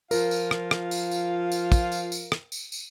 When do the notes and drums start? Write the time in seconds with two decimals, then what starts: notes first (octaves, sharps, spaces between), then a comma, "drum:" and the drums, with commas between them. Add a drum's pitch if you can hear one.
0.11 F3 F4 A#4 F5, drum: tambourine
0.31 drum: tambourine
0.51 drum: rim click
0.71 drum: rim click
0.91 drum: tambourine
1.11 drum: tambourine
1.52 drum: tambourine
1.72 drum: kick, tambourine
1.92 drum: tambourine
2.12 drum: tambourine
2.32 drum: rim click
2.52 drum: tambourine
2.72 drum: tambourine